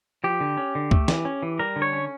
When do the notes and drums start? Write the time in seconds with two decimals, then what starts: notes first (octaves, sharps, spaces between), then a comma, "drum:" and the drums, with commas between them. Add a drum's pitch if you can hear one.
0.24 F3 G4
0.41 D3
0.57 C#4
0.75 D3
0.91 A3, drum: kick
1.08 E3, drum: snare
1.25 C#4
1.43 E3
1.59 G3 A#4
1.76 D3
1.82 C#5
1.93 C#4